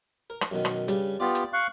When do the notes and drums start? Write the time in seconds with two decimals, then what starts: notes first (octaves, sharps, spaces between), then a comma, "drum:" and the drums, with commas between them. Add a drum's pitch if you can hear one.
0.30 A#4
0.41 drum: rim click
0.51 F#2 B2 D#3
0.65 drum: rim click
0.88 G2 C#3 G3, drum: hi-hat
1.20 B3 F4 G4 D5
1.35 drum: hi-hat
1.53 F5 C#6 F#6